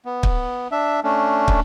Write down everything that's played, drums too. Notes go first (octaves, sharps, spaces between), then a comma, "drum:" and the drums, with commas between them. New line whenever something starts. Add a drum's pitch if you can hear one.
B3
drum: kick
D4 E5
A3 C#4 D4
drum: kick